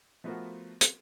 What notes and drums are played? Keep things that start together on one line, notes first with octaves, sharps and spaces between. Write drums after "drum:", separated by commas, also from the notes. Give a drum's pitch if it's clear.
F3 A3 B3 F4 F#4 A#4
drum: hi-hat